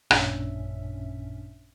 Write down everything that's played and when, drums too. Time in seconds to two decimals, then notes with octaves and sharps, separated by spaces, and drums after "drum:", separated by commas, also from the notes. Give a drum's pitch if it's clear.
0.11 A1 F#2 A#2 C#4 D4 E5, drum: rim click